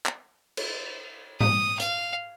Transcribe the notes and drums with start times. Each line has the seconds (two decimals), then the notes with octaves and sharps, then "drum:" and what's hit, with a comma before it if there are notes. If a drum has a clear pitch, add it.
0.06 drum: clap
0.57 drum: cymbal
1.40 D#6, drum: tom G#2
1.80 F5, drum: hi-hat